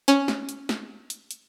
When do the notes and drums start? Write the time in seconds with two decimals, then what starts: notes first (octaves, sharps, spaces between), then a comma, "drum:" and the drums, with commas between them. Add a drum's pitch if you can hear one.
0.08 C#4, drum: hi-hat
0.28 drum: snare
0.49 drum: hi-hat
0.69 drum: snare
1.10 drum: hi-hat
1.31 drum: hi-hat